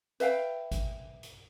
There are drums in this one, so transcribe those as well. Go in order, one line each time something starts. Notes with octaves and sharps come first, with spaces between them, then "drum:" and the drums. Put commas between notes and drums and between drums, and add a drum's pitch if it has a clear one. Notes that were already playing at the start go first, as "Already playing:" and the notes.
B4 E5 F5 G5, drum: hi-hat
drum: kick G#1, hi-hat
drum: hi-hat